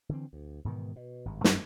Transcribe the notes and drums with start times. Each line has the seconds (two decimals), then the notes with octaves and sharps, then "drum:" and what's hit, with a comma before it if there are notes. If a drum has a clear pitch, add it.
0.09 D3 E3 C4
0.33 D2
0.65 G#2 B2 D#3 E3
0.96 B2
1.25 G#1 G2
1.44 F#2 C#4, drum: snare